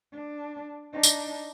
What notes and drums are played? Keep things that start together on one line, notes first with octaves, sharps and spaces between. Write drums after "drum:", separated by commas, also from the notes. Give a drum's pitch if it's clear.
D4
D4 D#4
drum: tambourine